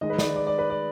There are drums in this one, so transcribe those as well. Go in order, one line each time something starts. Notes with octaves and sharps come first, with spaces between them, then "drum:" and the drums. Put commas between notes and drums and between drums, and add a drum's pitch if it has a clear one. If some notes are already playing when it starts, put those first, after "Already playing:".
D#3 G#3 D#5
B4
D5, drum: snare
D5
D5
B4
D5